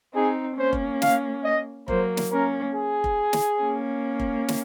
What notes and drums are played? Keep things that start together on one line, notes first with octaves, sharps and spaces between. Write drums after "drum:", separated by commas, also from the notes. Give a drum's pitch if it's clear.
C4 D#4 G#4
A#3 C#4 C5
drum: kick F1
F5, drum: snare
D#5
F#3 A#3 C5, drum: kick F1
drum: snare
A#3 C#4 A#4
G#4
drum: kick F1
drum: snare
A#3 C#4
drum: kick F1
drum: snare